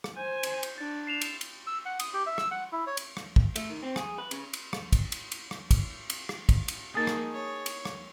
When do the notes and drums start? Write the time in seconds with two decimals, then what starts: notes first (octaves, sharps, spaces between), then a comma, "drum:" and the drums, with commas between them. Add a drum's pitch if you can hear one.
0.04 drum: rim click
0.17 C5 G#5 G6
0.43 drum: cymbal
0.63 drum: cymbal
0.78 D4 A6
1.07 C7 E7 F7
1.21 drum: cymbal
1.41 drum: cymbal
1.67 E6
1.85 F#5
2.00 D#6, drum: cymbal
2.14 G4
2.27 E5
2.38 E6, drum: rim click
2.51 F#5
2.72 E4
2.87 C#5
2.97 drum: cymbal
3.17 drum: rim click
3.36 drum: kick
3.56 A3, drum: cymbal
3.70 D#3
3.83 C4
3.96 G#4, drum: rim click
4.18 B4
4.31 C#3, drum: cymbal
4.53 drum: cymbal
4.73 drum: rim click
4.93 drum: kick, cymbal
5.12 drum: cymbal
5.32 drum: cymbal
5.51 drum: rim click
5.71 drum: kick, cymbal
6.10 drum: cymbal
6.29 drum: rim click
6.49 drum: kick, cymbal
6.68 drum: cymbal
6.95 A#3 D#4 G#4 A5
7.07 drum: rim click
7.32 C#5
7.66 drum: cymbal
7.85 drum: rim click